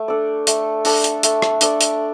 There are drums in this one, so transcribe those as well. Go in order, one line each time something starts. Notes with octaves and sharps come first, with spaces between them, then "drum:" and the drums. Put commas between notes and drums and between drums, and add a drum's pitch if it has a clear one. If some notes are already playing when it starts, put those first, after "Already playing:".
Already playing: A3
D4 A4 D5
A3, drum: hi-hat
D4 A4 D5, drum: open hi-hat
drum: hi-hat
A3, drum: hi-hat
drum: rim click
D4 A4 D5, drum: hi-hat
drum: hi-hat